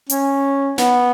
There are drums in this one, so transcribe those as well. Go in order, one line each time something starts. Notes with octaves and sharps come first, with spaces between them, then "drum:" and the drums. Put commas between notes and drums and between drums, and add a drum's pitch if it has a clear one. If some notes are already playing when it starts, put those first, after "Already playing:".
C#4, drum: hi-hat
B3, drum: snare